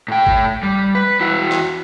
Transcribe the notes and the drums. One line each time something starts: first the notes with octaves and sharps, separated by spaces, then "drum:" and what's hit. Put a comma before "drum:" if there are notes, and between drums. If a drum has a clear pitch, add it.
A2 G5
drum: kick G#1
G3
B4
E2 E4 F#4
drum: clap